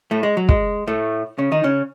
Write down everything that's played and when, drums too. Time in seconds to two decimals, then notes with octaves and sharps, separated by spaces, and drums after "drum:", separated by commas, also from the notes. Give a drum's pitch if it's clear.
0.11 A2 A3
0.23 G#3
0.37 F#3
0.49 G#3, drum: kick
0.87 A2 A3
1.38 C#3 C#4
1.52 D#3 D#4
1.64 C#3 C#4